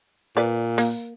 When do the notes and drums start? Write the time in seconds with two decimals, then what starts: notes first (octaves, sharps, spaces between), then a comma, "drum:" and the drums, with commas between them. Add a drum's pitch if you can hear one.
0.37 A#2 B4 D5
0.78 A#3, drum: open hi-hat